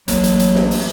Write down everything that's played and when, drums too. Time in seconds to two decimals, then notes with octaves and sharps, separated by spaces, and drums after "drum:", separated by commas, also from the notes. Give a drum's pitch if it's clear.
0.08 A1 F#3 A#3, drum: hi-hat
0.24 drum: hi-hat
0.39 drum: hi-hat
0.55 drum: snare
0.71 drum: open hi-hat